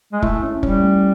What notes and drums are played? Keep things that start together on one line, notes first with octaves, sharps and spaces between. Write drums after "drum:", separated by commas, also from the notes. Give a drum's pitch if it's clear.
G#3
A3 E4, drum: kick
C#4
G3 C#4, drum: kick
A3